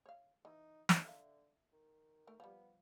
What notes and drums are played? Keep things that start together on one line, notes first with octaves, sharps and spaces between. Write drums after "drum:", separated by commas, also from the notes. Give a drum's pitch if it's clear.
C#5 F5
E3 D#4
drum: snare
D3 E5 F5
D#3
A3 A#4
F3 G3 B3